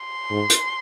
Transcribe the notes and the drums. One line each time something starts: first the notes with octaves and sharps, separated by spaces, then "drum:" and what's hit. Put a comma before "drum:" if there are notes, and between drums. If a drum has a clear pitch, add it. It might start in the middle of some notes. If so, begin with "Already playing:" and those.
Already playing: C6
G#2
drum: hi-hat